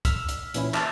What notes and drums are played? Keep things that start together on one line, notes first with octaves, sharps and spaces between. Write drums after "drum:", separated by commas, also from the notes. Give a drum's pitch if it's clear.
E6 F6 B6, drum: kick C2, hi-hat
drum: hi-hat
A#2 E3 C#4 E4, drum: hi-hat
E5 A5 D6 D#6 F6, drum: clap